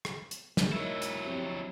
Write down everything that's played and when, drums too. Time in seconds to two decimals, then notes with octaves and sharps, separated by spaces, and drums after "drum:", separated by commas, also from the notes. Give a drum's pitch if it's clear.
0.05 drum: rim click
0.31 drum: hi-hat
0.57 G#3 A3, drum: snare
0.73 D#3 F#3 G#3 E4 E5
1.02 drum: hi-hat
1.26 C3 F3 C4